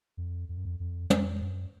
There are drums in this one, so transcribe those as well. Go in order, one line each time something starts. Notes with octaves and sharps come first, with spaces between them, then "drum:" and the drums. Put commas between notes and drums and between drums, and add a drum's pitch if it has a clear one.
F2
F2
F#2
F2
F2
F2, drum: tom
F#2